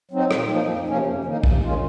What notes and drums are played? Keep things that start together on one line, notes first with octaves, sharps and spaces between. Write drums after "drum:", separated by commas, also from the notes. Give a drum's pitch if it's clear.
F#3 C4 D#4
A#2, drum: rim click
F3 A#3 D#4
F2
C3 F3 A#3 C#4
F2
D#3 A#3 D#4
C3, drum: kick
D#3 G#3 C#4 F4